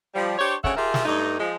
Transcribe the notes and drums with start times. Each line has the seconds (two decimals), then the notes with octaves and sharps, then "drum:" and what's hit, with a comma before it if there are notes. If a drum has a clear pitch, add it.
0.15 F3 G3
0.38 D4 G4 C5 C#5
0.64 D2 C#3 A4 C#5 E5 F#5, drum: kick
0.76 F4 G4 G#4 A#4 E5
0.94 drum: snare
1.05 G2 A3 D#4
1.40 F3 G#3